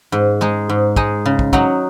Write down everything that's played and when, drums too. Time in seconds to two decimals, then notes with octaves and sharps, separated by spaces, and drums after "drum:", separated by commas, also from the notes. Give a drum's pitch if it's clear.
0.12 G#2
0.41 G#3 D#4 G#4
0.69 G#2
0.96 G#3 D#4 G#4, drum: kick
1.26 C#3
1.39 drum: kick
1.53 F#3 D#4 F#4, drum: kick